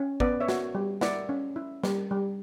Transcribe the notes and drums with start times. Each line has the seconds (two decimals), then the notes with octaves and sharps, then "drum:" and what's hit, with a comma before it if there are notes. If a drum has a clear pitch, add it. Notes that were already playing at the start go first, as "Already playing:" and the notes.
Already playing: C#4
0.20 B3 B4 D5, drum: kick
0.40 C#5 E5
0.48 F#4, drum: snare
0.75 G3
1.01 E4 D5 F#5, drum: snare
1.29 C#4
1.56 E4
1.84 G3, drum: snare
2.11 G3